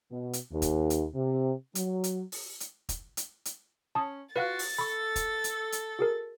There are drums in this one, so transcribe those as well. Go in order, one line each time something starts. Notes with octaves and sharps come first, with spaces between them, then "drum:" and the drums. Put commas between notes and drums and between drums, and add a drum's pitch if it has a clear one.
B2
drum: hi-hat
D#2
drum: kick, hi-hat
drum: hi-hat
C3
F#3, drum: hi-hat
drum: hi-hat
drum: open hi-hat
drum: hi-hat
drum: kick, hi-hat
drum: hi-hat
drum: hi-hat
C#4 A5 D#6
F4 F#4 B4 F5 F#5 A6
drum: open hi-hat
A4 B5 C#6
drum: kick, hi-hat
drum: hi-hat
drum: hi-hat
F#4 G#4 A#4